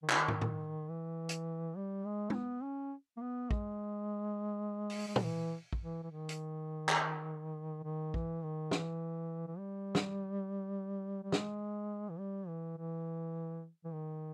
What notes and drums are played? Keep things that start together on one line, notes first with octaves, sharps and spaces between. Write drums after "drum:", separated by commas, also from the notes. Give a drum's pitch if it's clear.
D#3
C#3, drum: clap
D#3
drum: tom
drum: tom A2
E3
drum: hi-hat
G3
G#3
C#4, drum: tom
B3
C#4
A#3
B3
G#3, drum: kick
drum: open hi-hat
G#3
G3, drum: tom
E3
drum: kick
E3
E3
D#3
drum: hi-hat
drum: clap
D#3
E3, drum: kick
D#3
E3, drum: snare
E3
G3
drum: snare
G3
G#3, drum: snare
E3
G3
E3
E3
E3
D#3